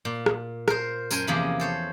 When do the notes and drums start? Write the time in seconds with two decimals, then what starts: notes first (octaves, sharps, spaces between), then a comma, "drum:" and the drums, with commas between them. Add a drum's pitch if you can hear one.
0.05 A#2
0.26 drum: rim click
0.68 A#4 C5, drum: rim click
1.11 F#2 A#4 C5 G#5 C6, drum: tambourine
1.27 E2 C3 F3 A#3 G#4 B5
1.60 A4 C5 C#5